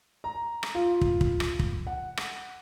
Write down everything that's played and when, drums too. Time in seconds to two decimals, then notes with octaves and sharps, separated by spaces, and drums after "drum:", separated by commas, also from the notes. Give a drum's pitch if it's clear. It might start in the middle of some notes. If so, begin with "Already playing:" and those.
0.24 A#5
0.63 drum: rim click
0.75 F4
1.01 drum: kick
1.21 drum: kick
1.40 drum: rim click
1.59 drum: kick
1.87 F#5
2.17 drum: rim click